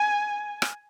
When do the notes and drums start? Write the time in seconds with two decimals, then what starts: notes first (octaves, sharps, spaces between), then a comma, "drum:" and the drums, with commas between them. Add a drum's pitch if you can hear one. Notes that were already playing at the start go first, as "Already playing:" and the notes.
Already playing: G#5
0.62 drum: rim click